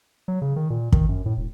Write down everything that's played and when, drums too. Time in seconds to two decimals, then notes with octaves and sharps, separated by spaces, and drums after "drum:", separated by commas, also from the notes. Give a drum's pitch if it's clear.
0.28 F#3
0.42 C#3
0.56 D#3
0.70 A#2
0.92 D#3, drum: kick
1.09 F#2
1.26 A2
1.37 E1